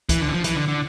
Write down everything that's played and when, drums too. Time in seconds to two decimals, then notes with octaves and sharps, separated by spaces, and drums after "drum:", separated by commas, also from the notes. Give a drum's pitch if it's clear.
0.09 E3, drum: kick, hi-hat
0.21 D3
0.28 E3
0.33 F3
0.44 E3, drum: hi-hat
0.56 D3
0.68 D3